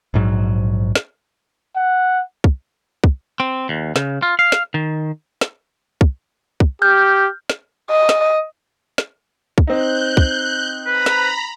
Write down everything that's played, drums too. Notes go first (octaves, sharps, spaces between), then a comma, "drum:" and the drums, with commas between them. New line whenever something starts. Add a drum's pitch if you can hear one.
A#1 G#2 F#3
drum: snare
F#5
drum: kick
drum: kick
C4
D#2
C#3, drum: snare
F4
F5
drum: snare
D#3
drum: snare
drum: kick
drum: kick
G4 F6 G6
drum: snare
D#5
drum: snare
drum: snare
drum: kick
C4 D#4 F#6 G6
drum: kick
B4 A#5 B5
drum: snare